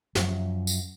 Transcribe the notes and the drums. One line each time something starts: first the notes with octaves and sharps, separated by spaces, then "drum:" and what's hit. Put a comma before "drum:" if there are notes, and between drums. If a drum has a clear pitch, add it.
F#2 F3, drum: snare
drum: tambourine